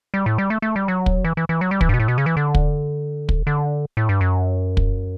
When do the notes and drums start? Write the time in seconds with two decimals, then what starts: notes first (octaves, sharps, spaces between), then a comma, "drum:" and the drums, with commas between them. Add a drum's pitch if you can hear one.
0.14 G3
0.26 A2
0.38 G3
0.50 A3
0.62 A3
0.76 G3
0.88 F#3
1.06 drum: kick
1.24 E3
1.37 E3
1.49 E3
1.61 F#3
1.71 G3
1.81 E3, drum: kick
1.89 G2
1.94 B2
2.00 A2
2.08 B2
2.18 C#3
2.26 E3
2.37 D3
2.55 drum: kick
3.29 drum: kick
3.47 D3
3.97 A2
4.09 G2
4.21 F#2
4.77 drum: kick